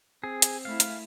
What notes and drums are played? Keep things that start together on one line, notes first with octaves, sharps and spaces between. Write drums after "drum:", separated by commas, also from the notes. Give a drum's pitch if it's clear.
C4 G#4
drum: hi-hat
A3 E4 F5
drum: hi-hat